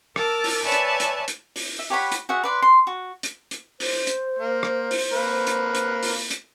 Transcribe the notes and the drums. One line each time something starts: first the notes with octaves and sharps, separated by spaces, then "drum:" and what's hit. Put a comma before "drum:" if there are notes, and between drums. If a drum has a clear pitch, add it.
A#4 A5 D6 E6 F6, drum: rim click
drum: open hi-hat
B4 C#5 D5 E5 G#5 A5
drum: hi-hat
drum: hi-hat
drum: hi-hat
drum: open hi-hat
E5
G4 C#5 F#5 B5
drum: hi-hat
F#4 G#4 E5 F#5
B4 D5 C6
C6
F#4
drum: hi-hat
drum: hi-hat
C5, drum: open hi-hat
drum: hi-hat
A#3
drum: rim click
drum: open hi-hat
A#3 B4
drum: hi-hat
drum: hi-hat
drum: open hi-hat
drum: hi-hat